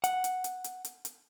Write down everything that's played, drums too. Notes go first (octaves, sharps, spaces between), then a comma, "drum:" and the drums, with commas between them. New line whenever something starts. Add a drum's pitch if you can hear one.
F#5, drum: hi-hat
drum: hi-hat
drum: hi-hat
drum: hi-hat
drum: hi-hat
drum: hi-hat